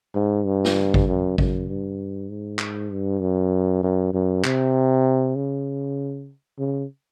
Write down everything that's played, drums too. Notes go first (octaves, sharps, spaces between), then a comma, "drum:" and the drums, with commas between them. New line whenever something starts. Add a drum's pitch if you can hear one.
G#2
G2
drum: snare
drum: kick G#1
F#2
F#2, drum: kick G#1
G2
G#2
drum: clap
G2
F#2
F#2
F#2
C3, drum: clap
C#3
C#3